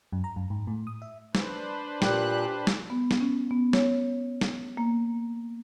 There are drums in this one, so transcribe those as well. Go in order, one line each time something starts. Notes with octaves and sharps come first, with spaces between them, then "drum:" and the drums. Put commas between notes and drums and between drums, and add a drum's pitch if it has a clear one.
F#2
A#5
F#2
G#2
A2
D#6
E5
D4 B4 C5, drum: snare
A#2 G4 F#6, drum: snare
drum: snare
B3
drum: snare
C#4
B3
C#5, drum: snare
drum: snare
A#3